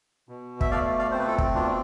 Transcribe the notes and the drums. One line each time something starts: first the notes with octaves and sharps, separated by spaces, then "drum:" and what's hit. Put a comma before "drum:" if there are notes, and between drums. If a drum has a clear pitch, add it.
B2
E5, drum: kick
A3 D5 F5
D5 F5
C4 C5
B4
F4 A4
drum: kick
B2 D4 F4